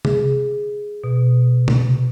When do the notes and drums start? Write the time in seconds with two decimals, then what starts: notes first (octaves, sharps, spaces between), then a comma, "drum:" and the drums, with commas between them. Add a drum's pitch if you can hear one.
0.05 G#4, drum: tom C3
1.04 B2
1.68 drum: tom C3